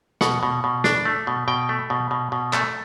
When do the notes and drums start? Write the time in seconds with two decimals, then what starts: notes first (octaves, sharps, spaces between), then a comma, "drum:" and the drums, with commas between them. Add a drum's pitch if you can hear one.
0.21 B2 F#5, drum: snare
0.43 B2
0.64 B2
0.84 D4, drum: snare
1.05 A3
1.27 B2
1.48 B2 G5
1.69 A3
1.90 B2
2.11 B2
2.32 B2
2.53 A3, drum: clap